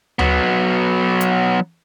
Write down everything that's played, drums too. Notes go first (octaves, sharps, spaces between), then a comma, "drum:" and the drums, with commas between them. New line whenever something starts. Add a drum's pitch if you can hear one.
F#3 B3, drum: tom D2
drum: hi-hat